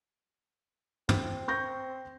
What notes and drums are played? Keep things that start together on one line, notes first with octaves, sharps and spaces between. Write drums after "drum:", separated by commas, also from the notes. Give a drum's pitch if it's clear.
C4, drum: tom
C#6 G6 A#6